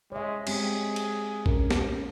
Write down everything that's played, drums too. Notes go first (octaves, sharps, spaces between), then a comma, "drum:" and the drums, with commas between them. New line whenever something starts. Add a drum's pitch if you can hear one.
G#3 C#5 E5
G#3 C4 G4 G#4, drum: cymbal
drum: cymbal
C#4 A#4, drum: kick A#1
drum: snare